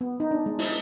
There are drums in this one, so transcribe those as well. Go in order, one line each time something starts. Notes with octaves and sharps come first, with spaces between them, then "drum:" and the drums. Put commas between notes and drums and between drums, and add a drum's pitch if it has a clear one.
B3
D#4
D4
G#3
E4, drum: open hi-hat